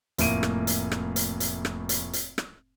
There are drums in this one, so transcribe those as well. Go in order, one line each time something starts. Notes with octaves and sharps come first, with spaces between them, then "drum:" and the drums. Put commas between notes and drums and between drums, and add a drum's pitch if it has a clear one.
F1 A2 A#3 D7 D#7, drum: hi-hat
drum: rim click
drum: hi-hat
drum: rim click
drum: hi-hat
drum: hi-hat
drum: rim click
drum: hi-hat
drum: hi-hat
drum: rim click